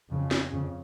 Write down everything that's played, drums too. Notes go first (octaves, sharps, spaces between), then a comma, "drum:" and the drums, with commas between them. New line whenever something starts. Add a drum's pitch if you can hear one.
F2 C#3
drum: snare
F2 C#3